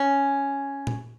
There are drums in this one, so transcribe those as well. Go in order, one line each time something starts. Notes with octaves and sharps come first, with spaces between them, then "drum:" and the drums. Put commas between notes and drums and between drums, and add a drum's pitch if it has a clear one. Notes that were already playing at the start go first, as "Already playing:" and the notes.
Already playing: C#4
drum: tom A#2